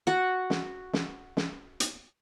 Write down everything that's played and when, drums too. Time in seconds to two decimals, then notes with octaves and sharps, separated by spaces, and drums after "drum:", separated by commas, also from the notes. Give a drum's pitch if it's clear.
0.07 F#4 F#5
0.50 drum: snare
0.93 drum: snare
1.37 drum: snare
1.80 drum: hi-hat